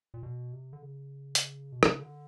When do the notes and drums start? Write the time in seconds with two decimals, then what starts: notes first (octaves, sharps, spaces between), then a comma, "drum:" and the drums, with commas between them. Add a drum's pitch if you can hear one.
0.14 A#2
0.23 B2
0.53 C3
0.73 D3
0.82 C#3
1.35 drum: hi-hat
1.72 B2
1.83 C3, drum: rim click
1.93 C#3
2.02 D3